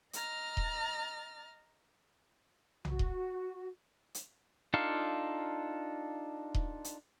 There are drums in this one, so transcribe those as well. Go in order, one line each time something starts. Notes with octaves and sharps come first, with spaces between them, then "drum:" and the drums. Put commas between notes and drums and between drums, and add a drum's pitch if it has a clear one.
D#5 A#5 F6 A6, drum: hi-hat
drum: kick D#1
F#4, drum: tom B1
drum: kick D#1
drum: hi-hat
D4 D#4 F4 A4 F5
drum: kick D#1
drum: hi-hat